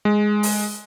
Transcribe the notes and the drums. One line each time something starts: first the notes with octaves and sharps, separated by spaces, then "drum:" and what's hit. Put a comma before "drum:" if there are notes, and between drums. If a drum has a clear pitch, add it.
G#3
drum: open hi-hat